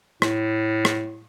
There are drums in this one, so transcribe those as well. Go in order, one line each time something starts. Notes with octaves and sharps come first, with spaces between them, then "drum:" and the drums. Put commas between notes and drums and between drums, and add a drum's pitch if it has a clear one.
A2, drum: rim click
drum: rim click